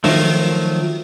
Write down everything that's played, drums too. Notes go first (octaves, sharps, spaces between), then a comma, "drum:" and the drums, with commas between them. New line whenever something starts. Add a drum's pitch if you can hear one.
D#3 F3 F#3 A3, drum: open hi-hat